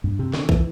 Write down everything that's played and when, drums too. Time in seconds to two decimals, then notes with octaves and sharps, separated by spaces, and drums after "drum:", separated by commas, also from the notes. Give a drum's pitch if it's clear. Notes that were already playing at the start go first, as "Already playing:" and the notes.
0.04 G2
0.19 C3
0.34 D3, drum: snare
0.49 E3, drum: kick